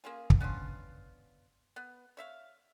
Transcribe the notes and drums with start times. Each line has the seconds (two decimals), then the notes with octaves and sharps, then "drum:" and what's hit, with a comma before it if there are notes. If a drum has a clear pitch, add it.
0.04 A#3 C#4 F4 G#4
0.30 drum: kick
0.40 B3 C#4 D4 F4
1.76 B3
2.17 C#5 E5 F5